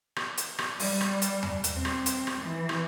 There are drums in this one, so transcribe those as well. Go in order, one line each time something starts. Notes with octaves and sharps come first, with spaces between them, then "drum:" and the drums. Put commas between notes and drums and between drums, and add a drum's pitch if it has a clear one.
drum: rim click
drum: hi-hat
drum: rim click
G3, drum: open hi-hat
drum: rim click
drum: hi-hat
drum: tom E2
drum: hi-hat
C4
drum: rim click
drum: hi-hat
drum: rim click
E3
drum: rim click